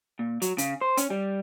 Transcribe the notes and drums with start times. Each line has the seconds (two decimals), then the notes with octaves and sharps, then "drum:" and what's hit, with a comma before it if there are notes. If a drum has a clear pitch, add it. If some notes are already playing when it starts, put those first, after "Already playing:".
0.19 A#2
0.42 F#3, drum: hi-hat
0.58 C#3, drum: hi-hat
0.81 C5
0.97 C#4, drum: hi-hat
1.10 G3